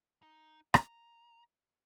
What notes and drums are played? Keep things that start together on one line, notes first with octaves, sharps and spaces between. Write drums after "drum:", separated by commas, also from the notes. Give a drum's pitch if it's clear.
D#4
A#5, drum: rim click